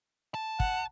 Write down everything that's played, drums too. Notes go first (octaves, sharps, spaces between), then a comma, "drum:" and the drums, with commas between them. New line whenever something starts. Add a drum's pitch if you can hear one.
A5
F#5, drum: kick